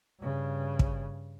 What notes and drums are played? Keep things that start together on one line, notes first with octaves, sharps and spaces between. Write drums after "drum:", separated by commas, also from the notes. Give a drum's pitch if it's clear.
G2 C#3
drum: kick